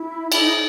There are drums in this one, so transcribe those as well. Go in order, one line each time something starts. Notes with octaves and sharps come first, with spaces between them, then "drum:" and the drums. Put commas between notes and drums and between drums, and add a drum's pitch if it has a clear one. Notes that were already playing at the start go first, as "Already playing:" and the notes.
Already playing: E4
E4, drum: cymbal
D#4